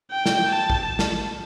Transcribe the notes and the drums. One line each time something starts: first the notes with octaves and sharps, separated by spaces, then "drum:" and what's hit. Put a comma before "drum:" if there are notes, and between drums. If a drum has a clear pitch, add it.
G5
drum: snare
A5
drum: kick
drum: snare